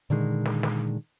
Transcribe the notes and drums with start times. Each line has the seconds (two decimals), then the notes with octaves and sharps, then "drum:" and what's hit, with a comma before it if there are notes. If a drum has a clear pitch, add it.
0.10 A#2 D3 D#3 G#3
0.45 drum: snare
0.63 drum: snare